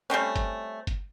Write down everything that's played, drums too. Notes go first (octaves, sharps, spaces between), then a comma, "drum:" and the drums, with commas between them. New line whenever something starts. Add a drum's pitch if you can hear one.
G3 A3 C4 C#4
drum: kick F#1, hi-hat
drum: kick F#1, hi-hat